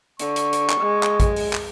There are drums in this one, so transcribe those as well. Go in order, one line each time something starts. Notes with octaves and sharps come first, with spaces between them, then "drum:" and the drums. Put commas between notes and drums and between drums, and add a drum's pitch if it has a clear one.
D3 C#6, drum: hi-hat
drum: hi-hat
drum: hi-hat
drum: clap
G#3
drum: clap
drum: kick, hi-hat
drum: open hi-hat
drum: clap